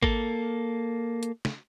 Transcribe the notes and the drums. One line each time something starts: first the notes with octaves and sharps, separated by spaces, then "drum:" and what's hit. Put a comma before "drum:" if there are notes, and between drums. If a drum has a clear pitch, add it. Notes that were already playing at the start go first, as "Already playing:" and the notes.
A#3 A4, drum: kick
drum: hi-hat
drum: snare